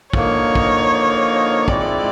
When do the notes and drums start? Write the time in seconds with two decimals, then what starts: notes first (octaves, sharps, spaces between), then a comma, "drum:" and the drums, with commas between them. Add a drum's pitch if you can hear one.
0.13 D3 F3 A#3 D#4 C#5, drum: kick
0.55 drum: kick
1.68 G#2 F3 G#3 C4 E4 D5, drum: kick